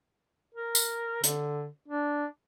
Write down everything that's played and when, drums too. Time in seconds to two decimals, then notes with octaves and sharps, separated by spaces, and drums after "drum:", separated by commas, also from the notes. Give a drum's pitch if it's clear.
0.55 A#4
0.75 drum: tambourine
1.24 D3, drum: hi-hat
1.88 D4